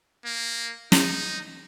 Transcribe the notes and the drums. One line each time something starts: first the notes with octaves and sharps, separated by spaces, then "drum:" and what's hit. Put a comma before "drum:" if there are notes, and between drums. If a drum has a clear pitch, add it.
A#3
D#4, drum: snare